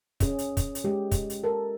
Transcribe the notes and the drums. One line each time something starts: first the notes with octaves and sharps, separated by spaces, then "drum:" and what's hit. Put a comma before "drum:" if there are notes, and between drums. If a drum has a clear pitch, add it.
C#4 G#4, drum: kick, hi-hat
drum: hi-hat
drum: kick, hi-hat
drum: hi-hat
G#3 G4
drum: kick, hi-hat
drum: hi-hat
A4 A#4